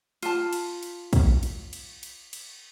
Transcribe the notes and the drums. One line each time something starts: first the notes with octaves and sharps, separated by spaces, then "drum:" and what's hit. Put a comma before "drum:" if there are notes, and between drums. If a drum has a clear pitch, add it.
F4 A5, drum: cymbal
drum: cymbal
drum: cymbal
drum: kick, cymbal
drum: cymbal
drum: cymbal
drum: cymbal
drum: cymbal